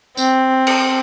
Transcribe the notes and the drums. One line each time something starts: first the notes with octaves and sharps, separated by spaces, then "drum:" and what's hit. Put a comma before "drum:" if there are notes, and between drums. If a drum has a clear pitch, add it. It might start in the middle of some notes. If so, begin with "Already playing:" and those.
C4, drum: tambourine
drum: cymbal